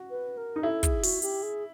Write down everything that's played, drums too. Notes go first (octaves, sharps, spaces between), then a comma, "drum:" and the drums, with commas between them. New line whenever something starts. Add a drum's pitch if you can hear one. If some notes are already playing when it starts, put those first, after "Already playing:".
Already playing: F#4
B4
A#4
D#4
E4 A4
G#4, drum: kick, hi-hat
F#4, drum: open hi-hat
G4, drum: hi-hat
G#4